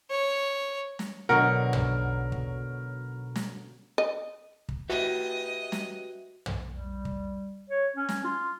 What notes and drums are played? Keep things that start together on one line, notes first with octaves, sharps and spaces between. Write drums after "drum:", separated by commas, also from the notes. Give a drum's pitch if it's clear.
C#5
drum: snare
B1 B2 D3 F#3 A#4 F#5
drum: tom
drum: kick
drum: snare
D#5
drum: kick
F#4 G4 B4 D#5 E5
drum: snare
drum: tom
G3
drum: kick
C#5
C#4
drum: snare
F4